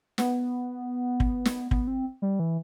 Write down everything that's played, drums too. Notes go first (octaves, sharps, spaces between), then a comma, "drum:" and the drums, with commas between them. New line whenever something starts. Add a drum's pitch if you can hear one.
B3, drum: snare
drum: kick
drum: snare
B3, drum: kick
C4
G3
E3